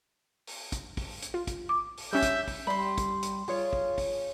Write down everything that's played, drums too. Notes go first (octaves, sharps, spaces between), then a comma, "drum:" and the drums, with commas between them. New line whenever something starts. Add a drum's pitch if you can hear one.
drum: open hi-hat
drum: kick, hi-hat
drum: kick, open hi-hat
drum: hi-hat
F4
drum: kick, hi-hat
D6
drum: open hi-hat
G3 C#4 E5 G6
drum: kick, hi-hat
drum: kick, open hi-hat
G3 B5 C6
drum: kick, hi-hat
drum: hi-hat
F4 G#4 C#5, drum: open hi-hat
drum: kick
drum: kick, open hi-hat